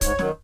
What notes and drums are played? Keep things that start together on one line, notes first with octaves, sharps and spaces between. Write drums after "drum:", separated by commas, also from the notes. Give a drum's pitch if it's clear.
G#2 C#5, drum: kick, hi-hat
D#3 F#3, drum: snare